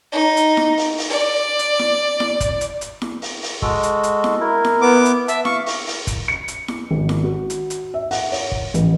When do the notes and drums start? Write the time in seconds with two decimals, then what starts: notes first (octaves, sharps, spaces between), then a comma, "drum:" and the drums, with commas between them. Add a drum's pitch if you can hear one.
0.11 D#4
0.37 drum: hi-hat
0.57 drum: snare E4
0.77 drum: open hi-hat
0.98 drum: open hi-hat
1.10 D5
1.59 drum: hi-hat
1.79 drum: snare E4
2.20 drum: snare E4
2.40 drum: kick, hi-hat
2.61 drum: hi-hat
2.81 drum: hi-hat
3.02 drum: snare E4
3.22 drum: open hi-hat
3.42 drum: open hi-hat
3.62 G#3 F#4 A4, drum: kick
3.83 drum: hi-hat
4.03 drum: hi-hat
4.24 drum: snare E4
4.40 E4 A#4
4.65 drum: snare E4
4.81 B3 D6
5.05 drum: hi-hat
5.28 E5 A5, drum: hi-hat
5.45 F5 C#6 D6, drum: snare E4
5.66 drum: open hi-hat
5.87 drum: open hi-hat
6.07 drum: kick, hi-hat
6.28 C#7
6.48 drum: hi-hat
6.68 drum: snare E4
6.91 G#1
7.09 drum: snare E4
7.23 F#4
7.50 drum: hi-hat
7.70 drum: hi-hat
7.94 E5
8.11 F#5, drum: open hi-hat
8.32 C#5, drum: open hi-hat
8.52 drum: kick
8.74 A1, drum: hi-hat